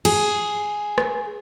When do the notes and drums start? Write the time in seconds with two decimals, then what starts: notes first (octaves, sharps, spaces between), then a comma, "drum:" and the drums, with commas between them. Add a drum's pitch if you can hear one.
0.05 G#4, drum: cymbal
0.98 drum: rim click